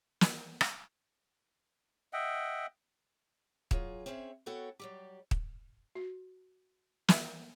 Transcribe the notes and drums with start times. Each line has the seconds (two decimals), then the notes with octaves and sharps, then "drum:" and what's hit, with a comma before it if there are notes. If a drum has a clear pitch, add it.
0.21 drum: snare
0.61 drum: rim click
2.13 D#5 E5 F#5 G5
3.71 F#3 F4 G#4, drum: kick
4.06 C4 C#4 G#4 C#5 E5
4.46 B3 F#4 A4 C#5 F#5 G5
4.80 F#3 G3 G4
5.31 drum: kick
5.95 F#4
7.09 E5, drum: snare